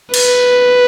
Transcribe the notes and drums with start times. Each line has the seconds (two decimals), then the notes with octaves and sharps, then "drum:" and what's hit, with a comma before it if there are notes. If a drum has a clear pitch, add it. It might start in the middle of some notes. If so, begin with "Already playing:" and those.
0.14 B4, drum: cymbal